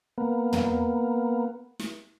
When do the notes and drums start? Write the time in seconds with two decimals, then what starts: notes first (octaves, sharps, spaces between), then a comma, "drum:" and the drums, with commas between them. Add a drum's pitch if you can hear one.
0.18 A#3 B3
0.53 drum: tom
1.79 drum: snare